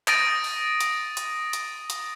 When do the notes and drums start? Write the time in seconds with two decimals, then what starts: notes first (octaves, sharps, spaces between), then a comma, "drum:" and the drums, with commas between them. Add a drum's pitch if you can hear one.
0.08 D#6 A6 A#6 D7 D#7, drum: clap
0.44 drum: open hi-hat
0.80 drum: hi-hat
1.17 drum: hi-hat
1.53 drum: hi-hat
1.90 drum: hi-hat